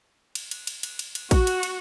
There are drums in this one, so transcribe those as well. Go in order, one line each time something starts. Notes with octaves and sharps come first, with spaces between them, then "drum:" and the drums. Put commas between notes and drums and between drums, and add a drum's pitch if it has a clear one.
drum: cymbal
drum: cymbal
drum: cymbal
drum: cymbal
drum: cymbal
drum: cymbal
F#4, drum: kick, cymbal
drum: cymbal
drum: cymbal